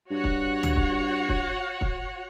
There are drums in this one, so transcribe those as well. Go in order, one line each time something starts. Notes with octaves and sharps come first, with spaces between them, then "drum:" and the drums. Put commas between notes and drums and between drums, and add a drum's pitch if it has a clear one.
G2 F#4 C#5 F#5
drum: kick
drum: tom
drum: kick
drum: kick
drum: kick